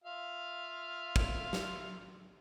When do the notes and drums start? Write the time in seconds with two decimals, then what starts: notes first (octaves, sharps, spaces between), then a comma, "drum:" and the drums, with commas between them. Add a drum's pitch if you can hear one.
0.04 F4 E5 F5
1.16 drum: kick
1.53 drum: snare